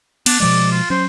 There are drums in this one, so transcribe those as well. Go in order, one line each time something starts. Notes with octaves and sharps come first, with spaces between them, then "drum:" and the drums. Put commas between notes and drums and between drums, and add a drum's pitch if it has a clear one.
B3 D4, drum: cymbal
B2 F3 G#3 D5
F4
F#3 C#4 C5